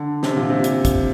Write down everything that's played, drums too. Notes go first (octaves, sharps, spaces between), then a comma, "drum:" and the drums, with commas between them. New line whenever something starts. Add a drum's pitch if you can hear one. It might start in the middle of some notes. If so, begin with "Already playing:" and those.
Already playing: D3
C3, drum: snare
A#2
C3
drum: hi-hat
drum: kick, hi-hat